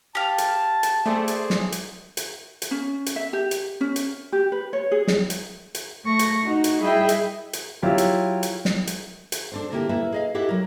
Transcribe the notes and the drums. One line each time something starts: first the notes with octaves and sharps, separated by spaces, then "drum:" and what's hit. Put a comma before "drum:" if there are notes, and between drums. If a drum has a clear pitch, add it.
G4 F5 A5
drum: hi-hat
drum: hi-hat
A3 G#4 C5 D5
drum: hi-hat
drum: snare
drum: hi-hat
drum: hi-hat
drum: hi-hat
C#4
drum: hi-hat
E5
G4
drum: hi-hat
C#4
drum: hi-hat
G4
B4
C#5
G#4
drum: snare
drum: hi-hat
drum: hi-hat
A3 C#6 A#6
drum: hi-hat
D#4 F#4
drum: hi-hat
G3 E4 G#4 D#5 E5 G5
drum: hi-hat
drum: hi-hat
F#3 E4 F4 G4
drum: hi-hat
drum: hi-hat
drum: snare
drum: hi-hat
drum: hi-hat
D4 A4 C5
D3 A#3 E4 F#4 G4 A#4
A#3 E4 A4 B4 E5
G#4 D#5 F5
E4 G4 A4 E5 F#5
F#3 A#4